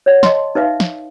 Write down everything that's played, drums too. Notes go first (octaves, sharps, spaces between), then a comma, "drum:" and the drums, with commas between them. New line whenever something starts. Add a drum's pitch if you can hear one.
C#5 D5 F#5
D#5 A5 C6, drum: snare
D#4 B4 E5 F5
drum: snare